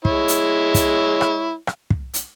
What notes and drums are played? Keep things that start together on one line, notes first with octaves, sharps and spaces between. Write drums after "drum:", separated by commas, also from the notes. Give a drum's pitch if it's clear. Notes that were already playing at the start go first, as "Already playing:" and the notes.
G#3 E4 C#5, drum: kick
drum: hi-hat
drum: kick, hi-hat
drum: rim click
drum: rim click
drum: kick
drum: hi-hat